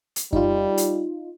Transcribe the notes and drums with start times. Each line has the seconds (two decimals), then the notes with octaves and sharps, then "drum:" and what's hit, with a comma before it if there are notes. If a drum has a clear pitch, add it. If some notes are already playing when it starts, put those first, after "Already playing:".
0.16 drum: hi-hat
0.33 G3 D#4 F4, drum: kick F#2
0.77 drum: hi-hat